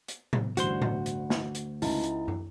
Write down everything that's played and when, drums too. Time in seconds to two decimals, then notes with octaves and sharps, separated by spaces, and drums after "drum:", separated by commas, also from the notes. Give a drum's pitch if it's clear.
0.08 drum: hi-hat
0.33 drum: tom A2
0.57 A1 D2 G2 F#4 C5 C6, drum: hi-hat
0.82 drum: tom A2
1.06 drum: hi-hat
1.30 drum: snare
1.55 drum: hi-hat
1.82 C#2 D#4 E4 A5, drum: open hi-hat
2.04 drum: hi-hat
2.28 drum: tom